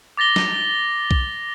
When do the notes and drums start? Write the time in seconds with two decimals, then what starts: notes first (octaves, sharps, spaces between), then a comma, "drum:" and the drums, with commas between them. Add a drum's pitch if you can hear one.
0.17 D6 A6 A#6 G7
0.36 drum: snare
1.11 drum: kick B1